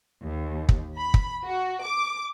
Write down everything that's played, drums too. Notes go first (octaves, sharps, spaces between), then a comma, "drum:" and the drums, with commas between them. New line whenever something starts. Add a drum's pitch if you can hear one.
D#2
drum: kick
B5
drum: kick
F#4
D6